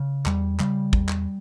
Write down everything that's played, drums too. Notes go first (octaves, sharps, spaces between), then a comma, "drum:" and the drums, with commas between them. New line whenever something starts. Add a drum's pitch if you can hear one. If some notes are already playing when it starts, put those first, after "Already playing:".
Already playing: C#3
E2 G3, drum: clap
C#3 G3, drum: clap
E2, drum: kick
drum: clap